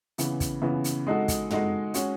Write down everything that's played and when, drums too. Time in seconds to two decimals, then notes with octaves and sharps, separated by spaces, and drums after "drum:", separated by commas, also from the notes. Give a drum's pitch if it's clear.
0.18 C#3 E3 B3, drum: hi-hat
0.40 drum: kick, hi-hat
0.62 C#3 E3 B3
0.84 drum: hi-hat
1.07 G#3 D#4 F#4 A4
1.28 drum: kick, hi-hat
1.50 G#3 D#4 F#4 A4, drum: tom
1.94 G#3 C#4 F#4, drum: hi-hat